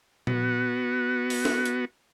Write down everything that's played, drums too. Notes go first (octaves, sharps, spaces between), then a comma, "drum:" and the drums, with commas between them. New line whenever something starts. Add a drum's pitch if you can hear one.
B3 F#4, drum: tom A#2
drum: open hi-hat
drum: snare
drum: hi-hat